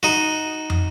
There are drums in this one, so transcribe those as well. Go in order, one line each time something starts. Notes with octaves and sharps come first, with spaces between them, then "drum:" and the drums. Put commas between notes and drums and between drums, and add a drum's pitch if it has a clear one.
D#4 F#4
drum: tom